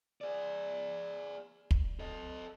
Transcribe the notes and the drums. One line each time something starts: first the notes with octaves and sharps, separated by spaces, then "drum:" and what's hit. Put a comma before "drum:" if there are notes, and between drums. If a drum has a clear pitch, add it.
G#4 D5
drum: kick
A4 D#5